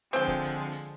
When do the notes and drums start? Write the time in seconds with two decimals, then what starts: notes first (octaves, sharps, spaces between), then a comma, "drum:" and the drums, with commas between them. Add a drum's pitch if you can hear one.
0.13 D3 F3 G#3 C4 G5
0.28 drum: kick, hi-hat
0.42 drum: hi-hat
0.72 drum: hi-hat